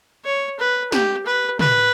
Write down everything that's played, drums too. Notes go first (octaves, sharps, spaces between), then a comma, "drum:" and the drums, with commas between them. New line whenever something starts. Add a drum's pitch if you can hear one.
C#5
B4
G4, drum: snare
B4
B4, drum: tom